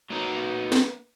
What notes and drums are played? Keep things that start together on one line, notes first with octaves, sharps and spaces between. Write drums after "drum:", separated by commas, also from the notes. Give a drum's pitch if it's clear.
F#3 A#3 B3 D#4 A#5
drum: snare